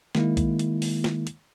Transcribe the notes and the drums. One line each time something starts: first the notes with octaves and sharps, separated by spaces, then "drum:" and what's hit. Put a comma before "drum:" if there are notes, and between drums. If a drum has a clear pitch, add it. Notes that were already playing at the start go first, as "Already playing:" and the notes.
D#3 G#3 A#3 E4, drum: snare
drum: kick B1, hi-hat
drum: hi-hat
drum: open hi-hat
drum: snare
drum: hi-hat